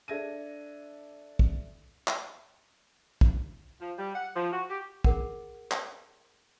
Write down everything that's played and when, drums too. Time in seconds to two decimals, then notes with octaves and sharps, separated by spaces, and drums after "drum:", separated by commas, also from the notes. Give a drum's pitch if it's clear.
0.08 D4 A4 E5 G#6 A#6 D#7
1.39 drum: kick
2.08 drum: clap
3.21 drum: kick
3.81 F3
3.98 G3
4.14 F#5
4.35 F3
4.52 F#4
4.69 G4
5.04 G#4 A#4 F#5, drum: kick
5.71 drum: clap